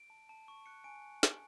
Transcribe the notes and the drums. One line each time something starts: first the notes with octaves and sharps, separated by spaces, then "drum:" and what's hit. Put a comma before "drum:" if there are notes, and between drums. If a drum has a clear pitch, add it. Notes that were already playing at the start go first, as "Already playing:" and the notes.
Already playing: D7
A5
A5
C#6
F#6 C#7
G#5 D7
drum: snare